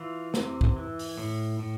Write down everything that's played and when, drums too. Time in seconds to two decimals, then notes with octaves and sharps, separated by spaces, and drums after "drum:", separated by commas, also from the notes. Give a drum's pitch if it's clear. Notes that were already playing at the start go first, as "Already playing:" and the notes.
Already playing: E3 F4
0.34 C3, drum: snare
0.61 drum: kick
0.76 E3
0.99 drum: open hi-hat
1.18 A2
1.59 A2